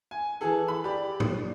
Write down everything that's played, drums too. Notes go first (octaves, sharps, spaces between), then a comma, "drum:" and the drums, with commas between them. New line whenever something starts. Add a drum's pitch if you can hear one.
G#5
E3 G#4 A4
B5
G4 D5
drum: tom